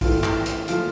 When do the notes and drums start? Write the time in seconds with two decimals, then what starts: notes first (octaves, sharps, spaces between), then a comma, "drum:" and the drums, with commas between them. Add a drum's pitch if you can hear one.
0.01 A2 E3 A3 F4, drum: kick, open hi-hat
0.24 drum: clap
0.46 drum: hi-hat
0.68 F3 A3 F4, drum: hi-hat